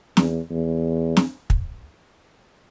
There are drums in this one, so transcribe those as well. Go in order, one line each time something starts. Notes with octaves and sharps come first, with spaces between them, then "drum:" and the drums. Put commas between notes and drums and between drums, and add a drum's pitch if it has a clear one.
E2, drum: snare
E2
drum: snare
drum: kick